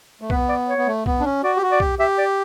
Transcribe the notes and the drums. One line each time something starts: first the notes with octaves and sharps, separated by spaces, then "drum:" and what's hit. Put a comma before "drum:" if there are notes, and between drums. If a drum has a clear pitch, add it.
A3
B3 B4, drum: kick B1
D5
C#5
B3
A3
B3, drum: kick B1
D4
C#4
F#4 D5
G4
F#4
D5
G4, drum: kick B1
G4 E5
D5